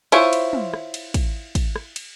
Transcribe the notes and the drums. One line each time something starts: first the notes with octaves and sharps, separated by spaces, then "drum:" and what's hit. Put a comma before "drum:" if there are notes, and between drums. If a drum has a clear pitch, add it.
E4 F4 C5 C#5, drum: cymbal
drum: cymbal
drum: tom
drum: rim click
drum: cymbal
drum: kick, cymbal
drum: kick, cymbal
drum: rim click
drum: cymbal